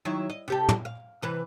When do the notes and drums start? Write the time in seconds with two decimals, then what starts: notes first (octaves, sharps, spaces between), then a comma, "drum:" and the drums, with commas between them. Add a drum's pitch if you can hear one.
0.05 D#3 F#3 E4
0.30 D#5
0.48 C3 G4 A4
0.69 drum: tom
0.85 F5
1.22 C3 E3 B4